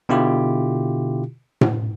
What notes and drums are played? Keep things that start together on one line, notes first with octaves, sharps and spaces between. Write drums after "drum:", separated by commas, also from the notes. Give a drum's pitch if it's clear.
B2 D3 E4 F4 G4
drum: tom A2